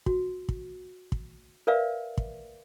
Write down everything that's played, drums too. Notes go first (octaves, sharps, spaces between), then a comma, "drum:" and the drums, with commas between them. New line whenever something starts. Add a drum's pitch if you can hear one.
F#4, drum: kick
drum: kick
drum: kick
A#4 B4 D5 E5 F5
drum: kick